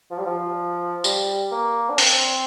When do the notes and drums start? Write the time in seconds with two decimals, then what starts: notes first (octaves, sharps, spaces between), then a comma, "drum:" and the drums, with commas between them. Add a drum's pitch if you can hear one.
0.11 F3
0.19 G3
0.26 F3
1.04 G3, drum: tambourine
1.51 A#3
1.90 D4
1.98 C4, drum: open hi-hat